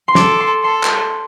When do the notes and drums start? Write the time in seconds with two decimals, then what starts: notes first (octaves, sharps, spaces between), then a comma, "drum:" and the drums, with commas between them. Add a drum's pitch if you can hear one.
0.08 C6
0.15 A4 D6, drum: snare
0.40 C6
0.63 A4 C6
0.84 drum: clap